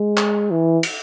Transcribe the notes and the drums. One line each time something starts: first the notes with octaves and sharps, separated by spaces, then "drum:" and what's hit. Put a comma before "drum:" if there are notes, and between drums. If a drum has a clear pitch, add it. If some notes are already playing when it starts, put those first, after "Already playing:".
Already playing: G#3
drum: clap
E3
drum: cymbal